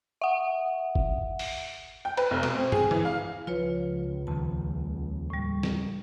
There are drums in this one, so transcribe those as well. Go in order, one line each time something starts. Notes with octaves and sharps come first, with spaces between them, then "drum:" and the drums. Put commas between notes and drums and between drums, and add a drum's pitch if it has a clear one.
E5 F#5
drum: kick
drum: open hi-hat
G5
B4, drum: cymbal
F1
B2, drum: cymbal
C4
G#4, drum: tom
E3, drum: tom
F5
C#2 F3 F4 B4 C#5
D#2 F3 A5
A2 G3
drum: snare